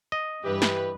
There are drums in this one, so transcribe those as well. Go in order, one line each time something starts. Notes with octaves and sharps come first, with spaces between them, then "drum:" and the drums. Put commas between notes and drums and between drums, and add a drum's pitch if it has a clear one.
D#5
G2 E3 G4 B4
drum: snare